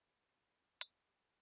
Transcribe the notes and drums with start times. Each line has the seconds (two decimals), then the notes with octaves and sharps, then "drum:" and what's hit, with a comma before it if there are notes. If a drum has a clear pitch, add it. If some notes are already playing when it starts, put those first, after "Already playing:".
Already playing: E3 A3 D4 G4 A4 B4 D5 E5
0.13 B2 G3 B3 E4
0.81 A2 G3 D4 A4, drum: hi-hat
0.99 G4 B4
1.16 A4